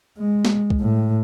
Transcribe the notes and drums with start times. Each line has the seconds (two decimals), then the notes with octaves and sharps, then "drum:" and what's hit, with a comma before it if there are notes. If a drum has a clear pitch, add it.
0.19 G#3
0.45 drum: snare
0.70 drum: kick C2
0.80 A2